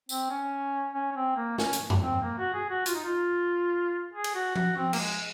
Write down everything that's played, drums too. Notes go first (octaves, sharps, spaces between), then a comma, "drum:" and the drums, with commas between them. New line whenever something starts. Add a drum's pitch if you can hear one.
C4, drum: tambourine
C#4
C#4
C#4
C4
A#3
C#4, drum: snare
drum: hi-hat
drum: tom F2
C4
A#3
F#4
G#4
F#4
F4, drum: hi-hat
D#4
F4
G#4
drum: cymbal
F#4
F#4, drum: tom F3
C4
A#3, drum: cymbal
G#3